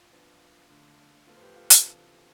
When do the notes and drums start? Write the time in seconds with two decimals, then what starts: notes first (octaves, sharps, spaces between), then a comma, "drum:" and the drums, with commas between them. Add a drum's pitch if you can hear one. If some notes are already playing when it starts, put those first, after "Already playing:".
Already playing: F4
0.12 F3 B3 D4
0.69 D3 A3 D4
1.27 A2 F3 B3 F4 A4
1.36 C5
1.41 G4 B4
1.55 F4 A4
1.70 F4 A4, drum: hi-hat
1.85 C3 E3 B3 D4